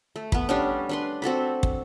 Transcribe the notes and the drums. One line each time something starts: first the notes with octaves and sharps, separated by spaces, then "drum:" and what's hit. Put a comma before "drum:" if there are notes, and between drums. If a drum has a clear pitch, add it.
A3
B3 B4, drum: kick
G3 C#4 D4
D4 B4 C6
C4 F#4 A4 B5
drum: kick